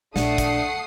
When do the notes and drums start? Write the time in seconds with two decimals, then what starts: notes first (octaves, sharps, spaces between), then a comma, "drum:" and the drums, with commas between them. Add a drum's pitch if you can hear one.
0.16 A#1 A3 D4 F#5 D#6 C7, drum: snare
0.38 drum: kick, hi-hat